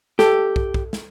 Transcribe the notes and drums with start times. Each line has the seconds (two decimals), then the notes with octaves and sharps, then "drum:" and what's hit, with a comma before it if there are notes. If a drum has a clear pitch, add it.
0.19 G4 A4, drum: snare
0.56 drum: kick
0.74 drum: kick
0.93 drum: snare